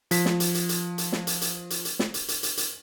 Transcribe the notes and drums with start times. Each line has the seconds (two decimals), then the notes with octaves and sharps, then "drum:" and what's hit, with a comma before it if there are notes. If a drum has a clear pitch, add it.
0.11 F3 B6, drum: hi-hat
0.25 drum: snare
0.40 drum: hi-hat
0.54 drum: hi-hat
0.69 drum: hi-hat
0.98 drum: hi-hat
1.12 drum: snare
1.27 drum: hi-hat
1.41 drum: hi-hat
1.70 drum: hi-hat
1.85 drum: hi-hat
1.99 drum: snare
2.14 drum: hi-hat
2.28 drum: hi-hat
2.43 drum: hi-hat
2.57 drum: hi-hat